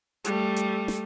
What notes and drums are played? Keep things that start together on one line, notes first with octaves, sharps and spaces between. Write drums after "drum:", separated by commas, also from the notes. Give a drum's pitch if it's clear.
G3 A3, drum: hi-hat
drum: hi-hat
drum: snare